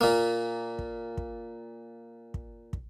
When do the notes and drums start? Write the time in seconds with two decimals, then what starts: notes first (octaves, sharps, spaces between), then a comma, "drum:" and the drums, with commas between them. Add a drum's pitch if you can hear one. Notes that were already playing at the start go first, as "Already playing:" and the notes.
0.01 A#2 A#3
0.79 drum: kick
1.17 drum: kick
2.34 drum: kick
2.73 drum: kick